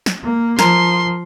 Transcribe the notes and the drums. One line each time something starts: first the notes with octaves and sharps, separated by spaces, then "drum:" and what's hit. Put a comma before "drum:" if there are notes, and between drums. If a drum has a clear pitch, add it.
drum: snare
A#3
F3 A#4 C6, drum: snare